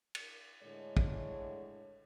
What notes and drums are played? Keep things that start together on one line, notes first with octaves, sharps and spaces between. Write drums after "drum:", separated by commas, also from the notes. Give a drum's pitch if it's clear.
drum: cymbal
A2 D3 G#3 C#5
drum: kick